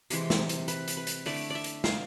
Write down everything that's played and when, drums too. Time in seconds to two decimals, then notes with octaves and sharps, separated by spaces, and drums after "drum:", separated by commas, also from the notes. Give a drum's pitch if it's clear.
0.10 C3 E3 G#3 C4, drum: hi-hat
0.30 drum: snare
0.49 drum: hi-hat
0.68 B4, drum: hi-hat
0.88 drum: hi-hat
0.97 B4
1.07 drum: hi-hat
1.26 D3 A3 E4 D5, drum: open hi-hat
1.50 D5 E5
1.64 drum: hi-hat
1.84 F5, drum: snare